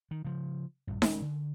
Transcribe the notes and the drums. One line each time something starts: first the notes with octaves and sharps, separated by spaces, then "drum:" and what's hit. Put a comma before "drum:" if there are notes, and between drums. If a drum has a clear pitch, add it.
D#3
C#3 F3
A#1 G2
D#1 G#3 C#4, drum: snare D#4
D3